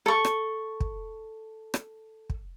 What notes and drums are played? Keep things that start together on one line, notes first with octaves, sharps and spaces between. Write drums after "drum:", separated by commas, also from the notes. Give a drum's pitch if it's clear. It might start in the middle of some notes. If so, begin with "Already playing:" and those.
A4 C#6
drum: rim click
drum: kick
drum: rim click
drum: kick